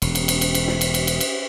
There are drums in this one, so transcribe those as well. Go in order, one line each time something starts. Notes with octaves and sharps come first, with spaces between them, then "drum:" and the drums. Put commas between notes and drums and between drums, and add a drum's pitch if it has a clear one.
E1, drum: cymbal
drum: cymbal
drum: cymbal
drum: cymbal
drum: cymbal
drum: snare
drum: cymbal
drum: cymbal
drum: cymbal
drum: cymbal